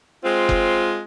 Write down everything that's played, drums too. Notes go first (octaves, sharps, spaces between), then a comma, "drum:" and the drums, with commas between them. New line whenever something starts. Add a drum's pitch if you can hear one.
G#3 C4 F4
drum: kick F#1